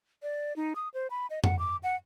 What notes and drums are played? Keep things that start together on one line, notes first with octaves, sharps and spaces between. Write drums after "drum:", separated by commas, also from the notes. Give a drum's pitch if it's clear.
D5
D#4
D#6
C5
B5
D#5
F#5, drum: tom F2
D6
F#5